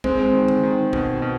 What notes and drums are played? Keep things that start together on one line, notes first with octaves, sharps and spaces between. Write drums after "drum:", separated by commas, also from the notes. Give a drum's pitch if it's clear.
G#3 C4, drum: kick
D#3
drum: tom D3
D#3
B2, drum: kick
B2